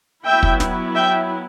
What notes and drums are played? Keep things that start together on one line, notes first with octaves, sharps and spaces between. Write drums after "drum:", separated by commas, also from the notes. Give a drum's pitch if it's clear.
F#3 B3 E4 E5 G5
drum: kick
drum: snare
E5 G5